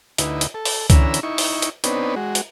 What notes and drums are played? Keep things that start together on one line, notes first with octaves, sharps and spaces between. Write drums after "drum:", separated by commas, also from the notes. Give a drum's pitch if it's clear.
D2 D#4 E4 B4, drum: hi-hat
drum: hi-hat
A4
drum: open hi-hat
D3 E3 C#4 A#5 B5 E6, drum: kick C#2, hi-hat
drum: hi-hat
D#4 E4 C#6
drum: open hi-hat
drum: hi-hat
B3 C4 D4 D#4 B4 C#5, drum: hi-hat
G#3 F#4
drum: hi-hat